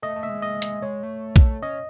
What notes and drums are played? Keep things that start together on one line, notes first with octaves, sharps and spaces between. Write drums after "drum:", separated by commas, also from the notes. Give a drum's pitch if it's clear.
A3 D#5
A3
E5
G#3
D#5
drum: hi-hat
G#3 C#5
A3
drum: kick A#1
C#4 D#5